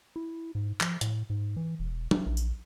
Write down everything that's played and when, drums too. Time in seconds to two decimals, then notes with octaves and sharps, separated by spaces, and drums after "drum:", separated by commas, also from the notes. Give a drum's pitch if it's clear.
0.16 E4
0.55 G#2
0.81 F3, drum: clap
1.01 A2, drum: hi-hat
1.30 G#2
1.56 E3
1.79 E1
2.11 drum: tom F#3
2.26 A#1
2.37 drum: tambourine